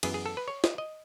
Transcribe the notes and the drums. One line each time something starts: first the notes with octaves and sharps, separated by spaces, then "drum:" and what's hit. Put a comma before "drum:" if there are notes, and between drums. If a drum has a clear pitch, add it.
F#2 E3 B3 G#4, drum: cymbal
G#4
A4
B4
C#5
D#5, drum: snare
D#5